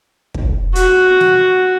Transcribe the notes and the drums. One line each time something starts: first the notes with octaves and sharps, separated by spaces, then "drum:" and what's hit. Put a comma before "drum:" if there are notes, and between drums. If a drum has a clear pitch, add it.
drum: kick
F#4, drum: hi-hat
drum: snare